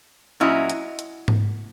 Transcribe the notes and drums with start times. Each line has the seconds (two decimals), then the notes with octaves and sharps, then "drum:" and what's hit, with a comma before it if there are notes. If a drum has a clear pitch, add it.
0.40 A#2 F#3 C#4 E4 D#5
0.70 drum: hi-hat
0.99 drum: hi-hat
1.28 drum: tom G#2